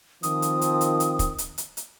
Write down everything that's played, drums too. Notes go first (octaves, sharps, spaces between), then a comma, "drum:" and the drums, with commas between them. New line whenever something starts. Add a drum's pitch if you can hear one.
D#3 F3 C4 D#6, drum: hi-hat
drum: hi-hat
drum: hi-hat
drum: hi-hat
drum: hi-hat
drum: kick, hi-hat
drum: hi-hat
drum: hi-hat
drum: hi-hat